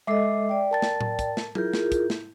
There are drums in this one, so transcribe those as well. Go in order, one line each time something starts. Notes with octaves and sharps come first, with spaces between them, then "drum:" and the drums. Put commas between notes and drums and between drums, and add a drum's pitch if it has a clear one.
G#3 A4 D#5 E5 D6 C7
D5 G5
A#4 A5 A6
drum: snare
drum: tom A2
drum: kick, hi-hat
drum: snare
E4 F4 G#4 A#4 G6, drum: tom F#3
drum: snare
drum: kick, hi-hat
drum: snare